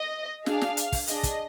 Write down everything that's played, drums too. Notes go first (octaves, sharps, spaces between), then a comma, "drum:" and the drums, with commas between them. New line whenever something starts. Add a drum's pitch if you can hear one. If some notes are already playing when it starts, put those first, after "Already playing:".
Already playing: D#5
D4 G#4 F5, drum: snare
drum: snare
drum: hi-hat
drum: kick, open hi-hat
D4 G#4 D#5, drum: hi-hat
drum: kick, hi-hat